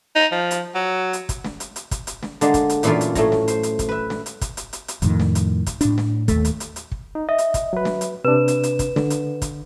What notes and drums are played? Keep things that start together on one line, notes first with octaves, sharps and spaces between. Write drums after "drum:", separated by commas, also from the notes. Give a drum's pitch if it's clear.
D#4
F3
drum: hi-hat
F#3
drum: hi-hat
drum: kick, hi-hat
drum: snare
drum: hi-hat
drum: hi-hat
drum: kick, hi-hat
drum: hi-hat
drum: snare
D3 G#3 A#3 D4, drum: hi-hat
drum: kick, hi-hat
drum: hi-hat
F#2 A#2 E3 A#3 D4 F4, drum: hi-hat
drum: hi-hat
A2 A3 C#5 A#5, drum: kick, hi-hat
drum: snare
C5, drum: hi-hat
drum: hi-hat
drum: kick, hi-hat
B4 E5
drum: snare
drum: hi-hat
drum: kick, hi-hat
drum: hi-hat
drum: hi-hat
drum: hi-hat
F2 A2 D#3, drum: kick, hi-hat
drum: snare
drum: hi-hat
drum: kick, hi-hat
A2 D4, drum: hi-hat
drum: snare
D#2 A3, drum: kick, hi-hat
drum: hi-hat
drum: hi-hat
drum: hi-hat
drum: kick
D#4
D#5 E5
drum: hi-hat
drum: kick, hi-hat
F#3 B4
drum: snare
drum: hi-hat
C3 D4 B4 E7
drum: hi-hat
drum: hi-hat
drum: kick, hi-hat
D3, drum: snare
drum: hi-hat
drum: kick, hi-hat